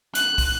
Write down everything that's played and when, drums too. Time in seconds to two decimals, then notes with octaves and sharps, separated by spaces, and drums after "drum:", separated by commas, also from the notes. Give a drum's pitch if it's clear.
0.15 F#6, drum: hi-hat
0.38 drum: kick, open hi-hat